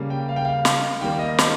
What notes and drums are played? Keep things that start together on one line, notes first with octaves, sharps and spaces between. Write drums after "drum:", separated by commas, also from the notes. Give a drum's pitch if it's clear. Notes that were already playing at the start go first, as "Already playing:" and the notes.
Already playing: C#3 G3 A#3
G5
F5
G5
F5
drum: snare
D#3 G3 A#3 G5
D#5
C5, drum: snare